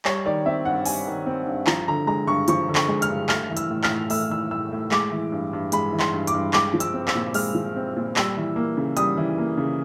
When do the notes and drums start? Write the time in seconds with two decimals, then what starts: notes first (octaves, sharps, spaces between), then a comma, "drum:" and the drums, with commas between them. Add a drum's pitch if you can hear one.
0.05 G3 C#5, drum: clap
0.25 D#3 D5
0.46 C4 E5
0.65 G2 F#5
0.86 G3 G#5, drum: open hi-hat
1.07 D#3
1.26 C4
1.47 G2
1.67 F3 A#5, drum: clap
1.88 D3 A#5
2.07 G#3 A#5
2.27 G2 C#6
2.48 F3 C#6, drum: hi-hat
2.69 D3
2.75 C#6, drum: clap
2.88 G#3
3.02 F6, drum: hi-hat
3.09 G2
3.29 A3 F6, drum: clap
3.50 E3
3.57 E6, drum: hi-hat
3.70 A2
3.84 F6, drum: clap
3.90 A2
4.10 A3 E6, drum: open hi-hat
4.30 E3 E6
4.51 A2 E6
4.72 A2
4.91 G#3 D6, drum: clap
5.12 E3
5.32 G2
5.53 G2
5.72 G#3 B5, drum: hi-hat
5.92 E3
6.00 C6, drum: clap
6.13 G2
6.27 D6, drum: hi-hat
6.34 G2
6.53 G#3 D6, drum: clap
6.74 F3
6.80 E6, drum: hi-hat
6.94 C4
7.08 E6, drum: clap
7.15 A#2
7.34 G#3 F6, drum: open hi-hat
7.55 F3
7.76 C4
7.96 A#2
8.16 G3 E6, drum: clap
8.37 E3
8.56 A#3
8.77 C#3
8.97 G3 D#6, drum: hi-hat
9.17 E3
9.38 A#3
9.57 C#3